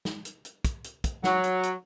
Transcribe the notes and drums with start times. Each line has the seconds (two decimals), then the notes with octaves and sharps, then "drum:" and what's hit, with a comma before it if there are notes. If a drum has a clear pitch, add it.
0.05 drum: snare
0.25 drum: hi-hat
0.45 drum: hi-hat
0.65 drum: kick, hi-hat
0.84 drum: hi-hat
1.04 drum: kick, hi-hat
1.24 F#3, drum: snare
1.44 drum: hi-hat
1.63 drum: hi-hat